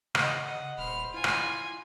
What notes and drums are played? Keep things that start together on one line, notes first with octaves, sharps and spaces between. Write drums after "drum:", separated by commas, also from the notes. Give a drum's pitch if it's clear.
C#3 D#5 F#5, drum: rim click
D#5 F#5
D#1 C5 B5 F6
E4 F4 G#5
drum: rim click